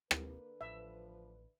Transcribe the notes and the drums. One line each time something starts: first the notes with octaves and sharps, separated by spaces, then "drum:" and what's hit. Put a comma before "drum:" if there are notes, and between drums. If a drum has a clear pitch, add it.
D3 A#3 B4, drum: rim click
A1 F3 E5